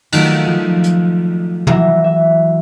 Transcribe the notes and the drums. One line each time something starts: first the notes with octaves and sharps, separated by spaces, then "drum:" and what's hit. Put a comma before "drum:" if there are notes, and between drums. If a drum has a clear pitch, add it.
D#3 F#3 A3 F4, drum: cymbal
F3
drum: hi-hat
E3 F#3 E5 A#6, drum: tom
E5 E6